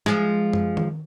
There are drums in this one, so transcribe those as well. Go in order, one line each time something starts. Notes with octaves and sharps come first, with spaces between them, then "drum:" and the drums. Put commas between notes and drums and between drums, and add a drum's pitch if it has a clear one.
F3 G#3, drum: snare
drum: tom F#2
drum: tom D#3